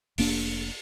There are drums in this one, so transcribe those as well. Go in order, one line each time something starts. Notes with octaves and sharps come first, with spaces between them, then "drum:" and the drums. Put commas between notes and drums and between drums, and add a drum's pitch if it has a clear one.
F1 A#3 D4, drum: open hi-hat